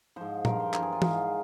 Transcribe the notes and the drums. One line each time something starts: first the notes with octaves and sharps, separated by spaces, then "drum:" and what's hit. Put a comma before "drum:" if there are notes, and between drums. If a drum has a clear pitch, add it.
G#2 F3 C5
G2 F3 A#4, drum: tom
C5
G2 E3 A#4, drum: clap
G#4
F4
G#2 F3, drum: tom